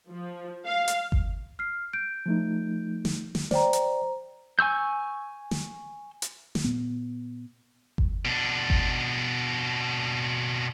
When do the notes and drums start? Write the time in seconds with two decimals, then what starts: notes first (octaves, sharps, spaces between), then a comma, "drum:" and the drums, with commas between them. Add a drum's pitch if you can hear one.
0.10 F3
0.66 F5
0.88 drum: hi-hat
1.12 drum: kick G1
1.59 F6 C7
1.93 G6 D7
2.26 F3 A3 D#4
3.05 drum: snare
3.35 drum: snare
3.51 C5 D5 G5 A#5, drum: snare
3.73 drum: hi-hat
4.59 G#5 C#6 E6 G6
5.51 drum: snare
6.22 drum: hi-hat
6.55 drum: snare
6.64 A#2 B3
7.98 drum: kick G1
8.25 B2 D4
8.70 drum: kick G1